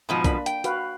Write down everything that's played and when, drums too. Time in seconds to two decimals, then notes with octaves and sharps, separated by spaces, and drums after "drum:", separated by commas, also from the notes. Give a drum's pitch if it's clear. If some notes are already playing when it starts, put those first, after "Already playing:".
0.09 G#2 B2 F3
0.24 A#3 D4 B5, drum: kick B1, hi-hat
0.46 G5, drum: hi-hat
0.64 F#4 B4 F5, drum: hi-hat